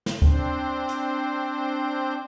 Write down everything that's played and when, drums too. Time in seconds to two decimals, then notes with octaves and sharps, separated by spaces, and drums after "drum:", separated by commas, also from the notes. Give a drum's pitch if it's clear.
0.06 drum: snare
0.22 C4 D4 C5, drum: kick D2
0.89 drum: hi-hat